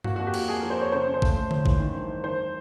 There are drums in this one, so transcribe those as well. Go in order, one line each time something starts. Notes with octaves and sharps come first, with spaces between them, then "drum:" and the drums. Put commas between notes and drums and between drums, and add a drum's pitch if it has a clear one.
A#3 F#4, drum: tom G2
F2 F#4
G4
A#3, drum: cymbal
F2 G#4
F3 A#4
C5
F2 C#5
C#3 C5
C#3
C5
A3, drum: kick
A3
C#3, drum: tom D3
E3, drum: kick
D#3
G2
D#3
D#3 C5